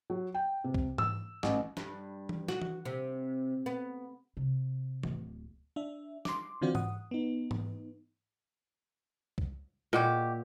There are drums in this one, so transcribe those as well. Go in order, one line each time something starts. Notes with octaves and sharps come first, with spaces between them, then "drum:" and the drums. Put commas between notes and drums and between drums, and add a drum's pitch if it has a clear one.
F#3
G5
C3
drum: kick
E6, drum: tom G#2
A1, drum: snare
G2, drum: snare
drum: tom E3
F#4, drum: snare
drum: tom E3
C3
B3
C3
D1, drum: tom E3
D4 E5
C6 D6, drum: snare
D3 E3 C4 F4 F#4 D5
F#5 D#6, drum: tom G#2
B3 D#4
drum: tom G#2
drum: kick
A#2 G#3 F#4 G4